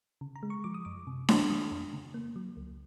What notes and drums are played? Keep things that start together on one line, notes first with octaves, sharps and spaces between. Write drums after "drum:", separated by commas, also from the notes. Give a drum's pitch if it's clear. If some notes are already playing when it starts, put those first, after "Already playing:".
C#3
A#5
G#3
C#6
F3 D6
D#6
F#2 D6
C3
F#3, drum: snare D4
D#3 D#6
F2
C#3
A#3
F#3
C#2